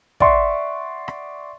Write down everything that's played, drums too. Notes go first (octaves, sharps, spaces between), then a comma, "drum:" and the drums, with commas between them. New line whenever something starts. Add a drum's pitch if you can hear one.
D5 E5 F#5 C6 C#6, drum: kick
drum: rim click